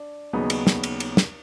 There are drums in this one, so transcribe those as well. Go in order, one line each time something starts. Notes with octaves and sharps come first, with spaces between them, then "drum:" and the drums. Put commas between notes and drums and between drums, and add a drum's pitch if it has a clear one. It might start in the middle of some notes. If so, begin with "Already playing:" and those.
Already playing: D4
D#2 C#3 F#3 B3 D#4
drum: cymbal
drum: snare
drum: cymbal
drum: cymbal
drum: snare